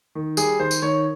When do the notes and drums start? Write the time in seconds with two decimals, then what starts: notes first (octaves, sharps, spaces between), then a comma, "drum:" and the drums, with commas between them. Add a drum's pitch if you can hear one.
0.15 D#3
0.37 G3 G#4, drum: tambourine
0.60 D#3 C5
0.71 drum: tambourine
0.82 D#3 C#5